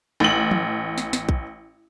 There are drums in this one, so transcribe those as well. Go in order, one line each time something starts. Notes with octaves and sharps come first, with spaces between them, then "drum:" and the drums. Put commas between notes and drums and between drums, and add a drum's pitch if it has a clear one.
A1 F#7
drum: tom
drum: snare
drum: snare
drum: kick